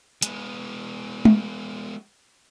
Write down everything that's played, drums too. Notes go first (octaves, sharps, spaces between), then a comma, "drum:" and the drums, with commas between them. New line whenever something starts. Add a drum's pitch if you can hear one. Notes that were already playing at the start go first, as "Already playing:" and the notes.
G#3 B3, drum: hi-hat
drum: tom